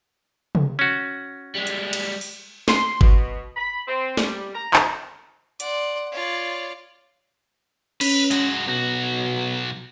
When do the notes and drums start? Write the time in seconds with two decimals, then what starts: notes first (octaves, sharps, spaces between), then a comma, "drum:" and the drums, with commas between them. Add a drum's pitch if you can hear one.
0.55 drum: tom C3
0.79 C#4 F#4
1.55 G3 G#3
1.67 drum: hi-hat
1.93 drum: cymbal
2.21 drum: open hi-hat
2.68 C6, drum: snare
3.01 B2, drum: kick G1
3.56 B5
3.87 C4
4.17 G3, drum: snare
4.55 A#5
4.74 drum: clap
5.60 D5 F#5 C6, drum: hi-hat
6.12 F4 C#5 D5
8.01 C#4 B4, drum: cymbal
8.31 G#3 F#4, drum: hi-hat
8.67 B1 B2 F#4